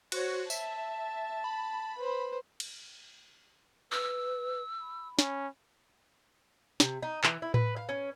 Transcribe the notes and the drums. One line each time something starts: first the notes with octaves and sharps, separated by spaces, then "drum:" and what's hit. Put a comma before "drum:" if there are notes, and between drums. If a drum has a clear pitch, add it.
F#4 C5 C#5, drum: cymbal
E5 A5, drum: tambourine
B5
B4 C5
drum: cymbal
B4 E6
B5
C#4, drum: snare
C3, drum: snare
D#4
E3, drum: clap
E4
B4, drum: tom A2
F5
C#4